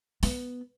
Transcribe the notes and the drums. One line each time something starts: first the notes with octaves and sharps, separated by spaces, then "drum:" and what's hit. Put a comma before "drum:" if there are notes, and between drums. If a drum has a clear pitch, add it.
B3, drum: open hi-hat